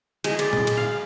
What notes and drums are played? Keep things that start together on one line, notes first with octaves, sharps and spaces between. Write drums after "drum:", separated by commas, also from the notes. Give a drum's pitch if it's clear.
G#3, drum: cymbal
D5, drum: cymbal
drum: tom A#2
drum: cymbal
F5